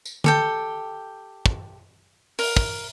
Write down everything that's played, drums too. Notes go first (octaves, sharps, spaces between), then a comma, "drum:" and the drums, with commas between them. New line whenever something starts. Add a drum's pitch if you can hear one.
drum: tambourine
G4 A4 G5, drum: tom D3
drum: kick
A#4, drum: open hi-hat
drum: kick